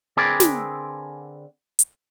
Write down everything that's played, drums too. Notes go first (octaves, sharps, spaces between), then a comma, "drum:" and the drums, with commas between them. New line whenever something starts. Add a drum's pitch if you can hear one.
D3 C4 G#4 A#4 B4 D5
drum: snare
drum: hi-hat